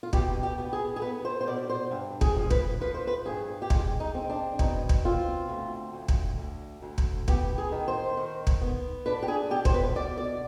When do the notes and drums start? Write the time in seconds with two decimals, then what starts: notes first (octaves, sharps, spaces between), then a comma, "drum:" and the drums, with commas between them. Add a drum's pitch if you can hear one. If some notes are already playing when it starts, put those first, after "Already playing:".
0.03 F4
0.13 B2 G4, drum: kick
0.43 G4
0.58 B3
0.73 G#4
0.96 G#4
1.02 B3 B4
1.25 C5
1.41 C5
1.47 B2 D5
1.69 C5
1.91 G2
2.21 G#4, drum: kick
2.36 F3
2.51 B4, drum: kick
2.81 F3 B4
2.94 C5
3.07 B4
3.26 G2 G#4
3.62 G4
3.70 G#3 F4, drum: kick
4.00 D#4
4.15 C4
4.29 D4
4.59 B2 D#4, drum: kick
4.89 drum: kick
5.05 C4 F4
5.49 D2
5.93 D2
6.08 drum: kick
6.38 D2
6.82 D2
6.98 drum: kick
7.28 B3 G4, drum: kick
7.58 G#4
7.72 D#3
7.88 C5
8.17 D#3
8.47 drum: kick
8.61 B3
9.06 D4 B4
9.23 G4
9.28 G#4
9.50 B2 G4
9.65 C5, drum: kick
9.74 B4
9.96 B2 D5
10.17 D5